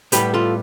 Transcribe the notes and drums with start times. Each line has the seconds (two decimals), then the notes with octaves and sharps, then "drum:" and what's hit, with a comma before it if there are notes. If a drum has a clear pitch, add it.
0.12 A2 G3 B3 G4 B4, drum: hi-hat
0.34 F4 A4